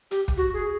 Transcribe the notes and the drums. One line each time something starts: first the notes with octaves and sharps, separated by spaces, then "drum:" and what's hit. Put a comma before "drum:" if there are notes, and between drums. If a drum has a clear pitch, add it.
G4, drum: hi-hat
drum: kick
F#4
G#4